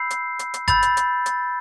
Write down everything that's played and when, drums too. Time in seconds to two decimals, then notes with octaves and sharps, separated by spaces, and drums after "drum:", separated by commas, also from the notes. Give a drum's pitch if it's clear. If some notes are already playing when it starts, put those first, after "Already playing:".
Already playing: B5 E6 G6 C7
0.10 drum: hi-hat
0.39 drum: hi-hat
0.54 drum: hi-hat
0.68 B5 E6 G6 A6, drum: kick G1, hi-hat
0.82 drum: hi-hat
0.97 drum: hi-hat
1.26 A6, drum: hi-hat